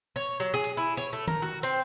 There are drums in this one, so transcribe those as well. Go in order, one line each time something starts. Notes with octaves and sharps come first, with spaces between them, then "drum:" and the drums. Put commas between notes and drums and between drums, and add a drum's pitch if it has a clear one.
C#5
F#3
G#4
drum: hi-hat
E4
C#5, drum: hi-hat
A3
A#4, drum: tom D#3
F#4
C4, drum: hi-hat